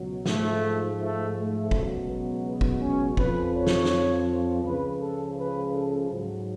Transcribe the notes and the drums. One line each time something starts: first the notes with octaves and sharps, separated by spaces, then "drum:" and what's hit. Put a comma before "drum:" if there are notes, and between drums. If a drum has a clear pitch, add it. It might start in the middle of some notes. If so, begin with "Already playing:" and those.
Already playing: C#2 B2 F#3
G#2 F3 A3, drum: snare
A3
A3
C#2 B2 F#3, drum: kick
B3
B3
drum: kick
C#4
F2 F3 B4, drum: kick
C#5
drum: snare
drum: snare
C#2 C#3 F3 B4
A4
B4
A4
G#2 F#3